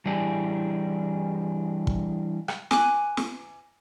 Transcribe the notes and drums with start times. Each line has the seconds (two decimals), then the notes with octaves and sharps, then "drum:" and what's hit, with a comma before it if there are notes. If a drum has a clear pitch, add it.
0.06 E3 G3 D4 E4 G4 G#4
1.87 drum: kick
2.48 drum: rim click
2.71 G#5 D6 F#6, drum: snare
3.17 drum: snare